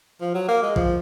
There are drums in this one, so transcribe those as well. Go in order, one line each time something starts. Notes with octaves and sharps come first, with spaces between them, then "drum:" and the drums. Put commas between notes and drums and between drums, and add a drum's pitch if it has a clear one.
F3
F#3
A#3
G#3
F3, drum: kick A#1